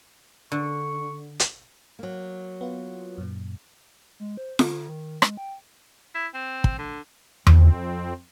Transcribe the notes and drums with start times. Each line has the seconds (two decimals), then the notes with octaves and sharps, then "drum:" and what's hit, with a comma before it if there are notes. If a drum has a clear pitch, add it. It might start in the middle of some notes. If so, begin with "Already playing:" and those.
0.52 D3 C#6
1.39 drum: hi-hat
1.99 F#3 A#3
2.61 B3 F4
3.18 F#2 A#2
4.20 G#3
4.37 C5
4.59 D3, drum: snare F4
4.88 D#3
5.22 G#3, drum: rim click
5.37 G5
6.14 E4
6.34 C4
6.64 drum: kick
6.78 D3
7.47 F2 C4, drum: tom E2